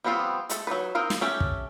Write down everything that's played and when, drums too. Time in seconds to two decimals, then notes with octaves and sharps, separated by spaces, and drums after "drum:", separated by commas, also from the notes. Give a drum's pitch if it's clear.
0.05 F3 G3 B3 C4 F4
0.49 G#3 A3 A4, drum: hi-hat
0.67 F#3 G3 D#4 B4
0.95 C4 D#4 A#4 D#5 F5
1.10 drum: snare
1.21 A3 C#4 G4 A4
1.41 drum: kick